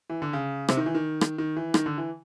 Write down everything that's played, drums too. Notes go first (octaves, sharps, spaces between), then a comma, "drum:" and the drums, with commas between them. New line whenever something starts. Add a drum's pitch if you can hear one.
E3
D3
C#3
C3, drum: rim click
D#3
E3
D#3
drum: rim click
D#3
E3
D#3, drum: rim click
D3
E3